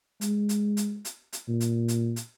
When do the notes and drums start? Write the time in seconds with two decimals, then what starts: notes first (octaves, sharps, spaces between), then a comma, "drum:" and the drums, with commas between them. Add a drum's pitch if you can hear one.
0.21 G#3, drum: hi-hat
0.49 drum: hi-hat
0.77 drum: hi-hat
1.05 drum: hi-hat
1.33 drum: hi-hat
1.48 A#2
1.60 drum: hi-hat
1.88 drum: hi-hat
2.16 drum: hi-hat